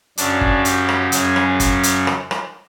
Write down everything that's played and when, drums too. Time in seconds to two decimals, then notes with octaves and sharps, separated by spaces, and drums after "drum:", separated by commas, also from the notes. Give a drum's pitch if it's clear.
0.17 F#2 C#3 F#3 D4, drum: hi-hat
0.41 drum: kick G1
0.65 G4, drum: hi-hat
0.89 drum: rim click
1.12 F#2 C#3 F#3 G#4, drum: hi-hat
1.36 drum: rim click
1.60 drum: kick G1, hi-hat
1.83 drum: hi-hat
2.07 drum: rim click
2.31 drum: rim click